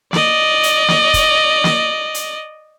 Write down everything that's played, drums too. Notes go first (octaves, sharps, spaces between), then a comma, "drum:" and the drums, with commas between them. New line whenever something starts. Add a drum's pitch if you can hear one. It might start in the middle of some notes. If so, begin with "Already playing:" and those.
D5 D#5, drum: snare
drum: hi-hat
drum: snare
drum: kick, hi-hat
drum: snare
drum: hi-hat